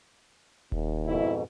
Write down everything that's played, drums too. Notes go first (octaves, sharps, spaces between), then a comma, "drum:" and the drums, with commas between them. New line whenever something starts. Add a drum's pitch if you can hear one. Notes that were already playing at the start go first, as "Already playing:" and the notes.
D#2, drum: kick D#1
F2 G#2 B2 E4